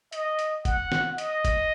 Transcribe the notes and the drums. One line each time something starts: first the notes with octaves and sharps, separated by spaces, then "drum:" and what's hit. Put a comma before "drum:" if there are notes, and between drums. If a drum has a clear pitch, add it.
D#5, drum: hi-hat
drum: hi-hat
F#5, drum: kick F#1, hi-hat
drum: snare
D#5, drum: hi-hat
drum: kick F#1, hi-hat